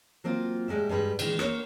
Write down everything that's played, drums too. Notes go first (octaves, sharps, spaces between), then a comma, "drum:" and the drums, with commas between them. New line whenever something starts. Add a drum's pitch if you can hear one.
F#3 A#3 C4 F4
A2 G3 G#3 A#3 E5
G2 G3 G#3 B4
A#2 D#3 E3 G#3, drum: cymbal
A#3 A#4 C#5, drum: rim click